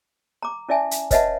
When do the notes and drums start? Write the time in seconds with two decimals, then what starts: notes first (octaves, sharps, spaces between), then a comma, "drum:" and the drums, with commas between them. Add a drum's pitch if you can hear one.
0.42 A#5 D6
0.69 C#4 E4 D5 E5 G#5 A5
0.91 drum: hi-hat
1.11 B4 C#5 D#5 E5 F#5 A5, drum: kick, hi-hat